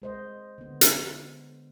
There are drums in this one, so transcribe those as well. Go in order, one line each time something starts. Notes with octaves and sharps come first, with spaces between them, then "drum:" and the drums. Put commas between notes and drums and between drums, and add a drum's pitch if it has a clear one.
G#3 C5 D#5
D3 B3
drum: hi-hat